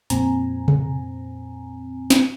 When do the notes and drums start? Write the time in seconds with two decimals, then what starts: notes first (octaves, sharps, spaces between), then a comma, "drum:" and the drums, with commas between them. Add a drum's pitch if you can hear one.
0.10 F2 A#2 C4 G#5 A#5, drum: hi-hat
0.68 drum: tom C3
2.10 drum: snare